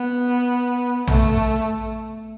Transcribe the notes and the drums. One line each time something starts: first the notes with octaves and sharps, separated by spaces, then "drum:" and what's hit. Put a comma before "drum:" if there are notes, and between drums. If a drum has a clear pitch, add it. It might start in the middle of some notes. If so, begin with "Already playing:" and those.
Already playing: B3
A3, drum: tom A#1